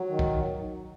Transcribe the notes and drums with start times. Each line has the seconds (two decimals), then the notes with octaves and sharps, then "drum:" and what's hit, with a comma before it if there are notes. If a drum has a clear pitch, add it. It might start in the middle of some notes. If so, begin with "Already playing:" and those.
Already playing: F#3
0.09 D#3
0.19 drum: kick